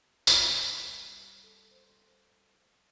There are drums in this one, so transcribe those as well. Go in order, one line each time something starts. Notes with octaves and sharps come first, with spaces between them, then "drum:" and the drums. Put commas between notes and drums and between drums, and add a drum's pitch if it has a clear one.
drum: tambourine
G3
A4
C5